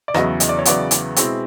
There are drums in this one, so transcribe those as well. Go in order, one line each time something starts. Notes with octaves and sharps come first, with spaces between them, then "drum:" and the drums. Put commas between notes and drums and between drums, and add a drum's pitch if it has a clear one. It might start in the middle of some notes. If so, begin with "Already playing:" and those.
D5
E2 C#3 F#3 B3 E4 D#5, drum: rim click
D#5, drum: hi-hat
D5
C#5
E2 C#3 F#3 B3 E4 D5, drum: hi-hat
drum: hi-hat
B2 G#3 C4 E4, drum: hi-hat